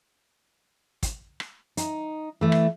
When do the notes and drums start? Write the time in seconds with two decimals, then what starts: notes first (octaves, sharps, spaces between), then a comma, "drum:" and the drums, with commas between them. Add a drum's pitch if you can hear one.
1.03 drum: kick, hi-hat
1.40 drum: rim click
1.77 D#4, drum: hi-hat
2.41 E3 A3
2.52 drum: rim click